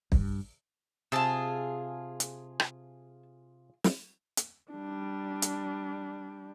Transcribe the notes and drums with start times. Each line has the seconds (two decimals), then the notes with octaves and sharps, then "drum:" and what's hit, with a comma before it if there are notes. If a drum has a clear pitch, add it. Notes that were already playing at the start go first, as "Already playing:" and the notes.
0.12 G2, drum: kick
1.12 C3 F4 G#4 A5 E6
2.20 drum: hi-hat
2.60 drum: rim click
3.84 drum: snare
4.37 drum: hi-hat
4.72 G3 D4
5.42 drum: hi-hat